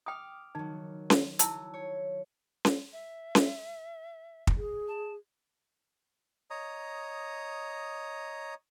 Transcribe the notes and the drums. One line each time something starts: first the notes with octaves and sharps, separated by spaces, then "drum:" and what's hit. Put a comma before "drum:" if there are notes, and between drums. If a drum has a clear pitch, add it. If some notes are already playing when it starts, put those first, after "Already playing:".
G5 D6 D#6 F6
D#3 F#3 D#4
drum: snare C#4
F#3 E4 A5 E6, drum: hi-hat
C#5
drum: snare C#4
E5
drum: snare C#4
drum: kick
G#4
A5
C#5 D#5 A#5 D#6